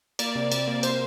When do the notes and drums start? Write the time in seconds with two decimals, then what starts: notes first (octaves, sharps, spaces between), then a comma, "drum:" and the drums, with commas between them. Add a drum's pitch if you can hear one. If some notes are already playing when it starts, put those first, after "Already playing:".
0.19 A#3 D5, drum: cymbal
0.36 C3
0.52 C3, drum: cymbal
0.67 A#3
0.83 C3 C5, drum: cymbal